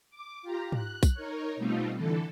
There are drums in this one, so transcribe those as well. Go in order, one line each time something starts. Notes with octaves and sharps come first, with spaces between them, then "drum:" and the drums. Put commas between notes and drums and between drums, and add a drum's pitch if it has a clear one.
D6
F4 G4 A#5
F#6, drum: tom G#2
drum: kick, tambourine
D#4 A#4 C#5
B2 G3 A3 C4 D#4 F4
D3 E3 A4